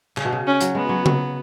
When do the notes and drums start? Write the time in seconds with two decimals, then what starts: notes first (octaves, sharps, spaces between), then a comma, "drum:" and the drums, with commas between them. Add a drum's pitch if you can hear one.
0.17 C#3, drum: clap
0.25 B2
0.32 C#3
0.47 C#4
0.61 F#3, drum: hi-hat
0.75 G#3 B3
0.89 F#3
1.06 F#3, drum: tom C#3